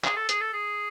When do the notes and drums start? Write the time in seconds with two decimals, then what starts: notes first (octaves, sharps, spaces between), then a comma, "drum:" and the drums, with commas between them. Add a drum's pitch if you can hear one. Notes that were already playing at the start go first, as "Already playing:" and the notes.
0.04 G#4, drum: clap
0.16 A4
0.29 G#4, drum: hi-hat
0.41 A4
0.53 G#4